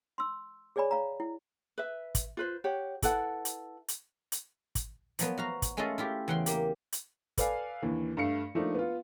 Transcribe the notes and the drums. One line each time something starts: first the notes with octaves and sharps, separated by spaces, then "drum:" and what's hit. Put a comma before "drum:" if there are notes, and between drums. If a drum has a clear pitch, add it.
C6 E6
G#4 C#5 D5 G#5 B5
C#5 F5 A#5
E4
B4 E5
drum: kick, hi-hat
F4 B4 C5
G4 C#5 F#5
E4 A4 B4 F#5, drum: kick, hi-hat
drum: hi-hat
drum: hi-hat
drum: hi-hat
drum: kick, hi-hat
F3 F#3 B3, drum: hi-hat
F#4 F5 A#5
drum: kick, hi-hat
G#3 A3 C#4 F4 A4 D#5
E4 F4 G4
E2 C#3 F#5 G5 C6
A#3 G4, drum: hi-hat
drum: hi-hat
A4 B4 D5 F5 G#5, drum: kick, hi-hat
D#2 D3 E3
G2 A3 F5 C#7
F3 A3 A#3 D4 D#4
B3 F4